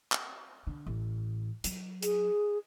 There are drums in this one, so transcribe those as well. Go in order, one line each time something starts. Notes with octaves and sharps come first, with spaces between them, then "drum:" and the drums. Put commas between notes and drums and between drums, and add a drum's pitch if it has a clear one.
drum: clap
D3
A1
F#3, drum: hi-hat
G#4, drum: hi-hat